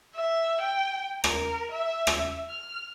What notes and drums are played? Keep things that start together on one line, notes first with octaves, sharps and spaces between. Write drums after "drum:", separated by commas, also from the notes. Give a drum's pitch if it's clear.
E5
G5
A#4, drum: rim click
E5
drum: rim click
F6